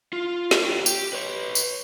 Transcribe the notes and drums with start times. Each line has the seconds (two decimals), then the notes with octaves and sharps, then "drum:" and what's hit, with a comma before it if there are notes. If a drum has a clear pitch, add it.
0.13 F4
0.51 drum: snare
0.63 G4 C#5
0.86 G4, drum: tambourine
1.13 B4 C#5
1.55 drum: tambourine